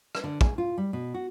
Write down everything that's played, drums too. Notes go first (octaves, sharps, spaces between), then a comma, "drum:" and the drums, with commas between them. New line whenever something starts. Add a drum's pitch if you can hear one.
drum: rim click
D3
G#4, drum: kick
F4
G3
B2
F#4